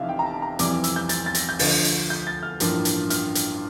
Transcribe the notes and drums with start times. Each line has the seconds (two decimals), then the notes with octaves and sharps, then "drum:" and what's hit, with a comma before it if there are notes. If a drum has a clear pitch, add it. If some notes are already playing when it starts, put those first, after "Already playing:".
Already playing: F1 F2 E3 E5 F5
0.09 G5
0.19 A#5
0.26 A5
0.42 A#5
0.59 F2 C3 E3 G3 D6, drum: hi-hat
0.72 D6
0.84 E6, drum: hi-hat
0.96 G6
1.09 A6, drum: hi-hat
1.26 A6
1.35 A#6, drum: hi-hat
1.49 G6
1.59 D2 D3 F3 A6, drum: open hi-hat
1.85 drum: hi-hat
2.10 G6
2.27 A6
2.43 F6
2.60 A1 G2 F3 A#3, drum: hi-hat
2.85 drum: hi-hat
3.10 F6, drum: hi-hat
3.35 drum: hi-hat